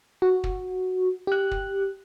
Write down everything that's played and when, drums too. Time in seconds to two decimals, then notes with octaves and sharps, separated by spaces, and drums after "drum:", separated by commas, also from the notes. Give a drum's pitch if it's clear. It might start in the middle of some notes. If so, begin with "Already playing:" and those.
0.22 F#4
0.44 drum: kick
1.27 G4 F#6
1.51 drum: kick